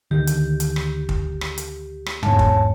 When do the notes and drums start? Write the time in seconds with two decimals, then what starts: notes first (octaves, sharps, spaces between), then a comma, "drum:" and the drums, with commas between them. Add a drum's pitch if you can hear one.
0.11 D2 D#3 G4
0.27 drum: hi-hat
0.60 drum: hi-hat
0.76 drum: rim click
1.09 drum: kick
1.41 drum: rim click
1.58 drum: hi-hat
2.06 drum: rim click
2.23 E2 G#2 C#5 G#5 A5, drum: tom
2.39 drum: kick